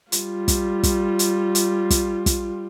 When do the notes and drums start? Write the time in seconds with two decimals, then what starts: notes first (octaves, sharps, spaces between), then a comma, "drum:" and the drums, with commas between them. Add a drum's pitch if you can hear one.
0.12 G3 F4, drum: hi-hat
0.48 drum: kick, hi-hat
0.83 drum: kick, hi-hat
1.19 drum: hi-hat
1.55 drum: hi-hat
1.90 drum: kick, hi-hat
2.26 drum: kick, hi-hat